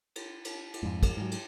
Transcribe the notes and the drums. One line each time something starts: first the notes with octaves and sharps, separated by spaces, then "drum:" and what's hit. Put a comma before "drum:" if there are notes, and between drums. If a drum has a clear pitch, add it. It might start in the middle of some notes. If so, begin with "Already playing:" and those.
drum: cymbal
drum: cymbal
drum: cymbal
F2 G#2
drum: kick, cymbal
G#2 F#3
drum: cymbal